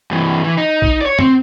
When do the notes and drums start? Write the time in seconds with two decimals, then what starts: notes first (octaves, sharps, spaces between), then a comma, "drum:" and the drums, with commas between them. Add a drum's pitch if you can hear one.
0.11 G2 E3
0.44 E3
0.57 D#4
0.82 drum: kick
1.01 C#5 D5
1.19 C4, drum: tom